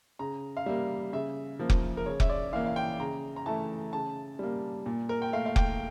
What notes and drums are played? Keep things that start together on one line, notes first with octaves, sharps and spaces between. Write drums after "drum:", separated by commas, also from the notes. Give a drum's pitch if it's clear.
C#3 A#5
F5
G3 A#3 E5
C#3 E5
F3 A#3
drum: kick F1
A#4
C#3 C#5
E5, drum: kick F1
D5
E3 A#3 F5
F5
G5
C#3 A#5
A#5
E3 A3 A5
C#3 A5
G3 A#3
A#2
A#4
G5
A3 F5
F5
G5, drum: kick F1